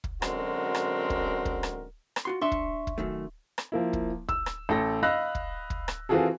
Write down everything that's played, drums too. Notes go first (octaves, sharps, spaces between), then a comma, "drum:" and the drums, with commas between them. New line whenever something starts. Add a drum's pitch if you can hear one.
drum: kick
F#2 D3 G#3 C4 F#4 A#4, drum: rim click
drum: rim click
drum: kick
drum: kick
drum: rim click
drum: rim click
F4 F#4 C6
D4 E5 C6 C#6
drum: kick
drum: kick
F#2 D#3 A3
drum: rim click
F3 A#3 E4
drum: kick
E6, drum: kick
drum: rim click
A1 A4 G5 A#6
D#5 F5 B5 E6 F#6 A#6
drum: kick
drum: kick
drum: rim click
E3 C4 F4 F#4 G#4 A4